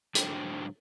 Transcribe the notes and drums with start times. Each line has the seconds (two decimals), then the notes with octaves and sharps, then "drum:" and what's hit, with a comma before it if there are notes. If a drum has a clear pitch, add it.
0.15 G#2 D3 F#3 D4 C5 G5, drum: hi-hat